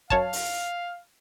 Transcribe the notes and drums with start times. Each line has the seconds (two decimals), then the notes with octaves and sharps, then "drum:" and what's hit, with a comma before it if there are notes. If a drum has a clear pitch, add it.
0.10 F#2 C#5 F5 A5, drum: kick
0.33 drum: open hi-hat